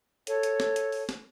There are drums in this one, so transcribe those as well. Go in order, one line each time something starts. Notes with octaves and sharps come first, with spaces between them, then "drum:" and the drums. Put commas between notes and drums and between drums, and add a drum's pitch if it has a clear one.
A4 C#5, drum: hi-hat
drum: hi-hat
drum: snare
drum: hi-hat
drum: open hi-hat
drum: snare